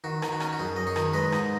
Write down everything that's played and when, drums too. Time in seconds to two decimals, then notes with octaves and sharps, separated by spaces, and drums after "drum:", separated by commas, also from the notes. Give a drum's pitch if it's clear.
0.04 D#3 F#4
0.22 D#3, drum: rim click
0.32 F#4
0.40 C#4, drum: rim click
0.53 F#4
0.59 F#2 G#4
0.76 F#2 D#5
0.87 G#4 C#5
0.96 D#3, drum: rim click
1.13 G#3 B4 D#5
1.32 G#2, drum: rim click